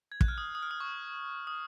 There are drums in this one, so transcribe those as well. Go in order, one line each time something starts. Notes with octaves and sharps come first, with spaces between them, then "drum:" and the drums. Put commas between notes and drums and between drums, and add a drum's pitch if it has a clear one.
G#6
F#6, drum: kick
F6
D#6
D#6
F6
D#6
C#6
D#6